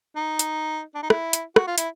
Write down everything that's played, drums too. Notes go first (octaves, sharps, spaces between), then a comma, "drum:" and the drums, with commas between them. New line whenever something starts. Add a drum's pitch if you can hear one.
D#4
drum: hi-hat
D4
D#4
E4, drum: rim click
drum: hi-hat
F#4, drum: rim click
F4
E4, drum: hi-hat